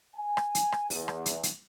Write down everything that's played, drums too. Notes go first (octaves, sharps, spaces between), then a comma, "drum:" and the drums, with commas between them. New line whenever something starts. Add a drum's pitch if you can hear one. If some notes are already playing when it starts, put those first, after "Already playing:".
G#5
drum: rim click
drum: hi-hat
drum: rim click
E2, drum: open hi-hat
drum: rim click
drum: hi-hat
drum: hi-hat